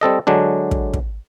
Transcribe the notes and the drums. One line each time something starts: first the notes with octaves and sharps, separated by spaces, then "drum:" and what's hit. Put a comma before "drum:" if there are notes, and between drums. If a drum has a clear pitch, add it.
G3 C4 A4 D#5
D3 F#3 G#3 D4
drum: kick
drum: kick